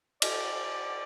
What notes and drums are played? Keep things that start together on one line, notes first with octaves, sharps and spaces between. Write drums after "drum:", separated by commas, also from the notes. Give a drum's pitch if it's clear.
D5, drum: cymbal